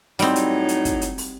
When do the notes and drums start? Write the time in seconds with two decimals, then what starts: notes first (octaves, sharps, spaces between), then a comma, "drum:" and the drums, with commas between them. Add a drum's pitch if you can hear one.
0.19 A2 F#3 G3 C4 D#4, drum: open hi-hat
0.36 drum: hi-hat
0.69 drum: hi-hat
0.85 drum: kick, hi-hat
1.01 drum: hi-hat
1.18 drum: open hi-hat